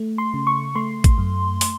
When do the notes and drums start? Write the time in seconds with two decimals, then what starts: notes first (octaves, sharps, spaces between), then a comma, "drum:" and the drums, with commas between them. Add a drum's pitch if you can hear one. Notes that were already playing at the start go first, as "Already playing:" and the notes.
Already playing: A3
0.18 C6
0.34 C#3
0.47 C#6
0.75 A3 C6
1.04 drum: kick, hi-hat
1.18 F#2
1.61 drum: open hi-hat